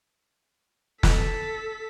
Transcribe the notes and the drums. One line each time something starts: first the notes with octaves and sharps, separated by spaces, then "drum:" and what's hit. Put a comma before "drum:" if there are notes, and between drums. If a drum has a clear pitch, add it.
A4 B6, drum: snare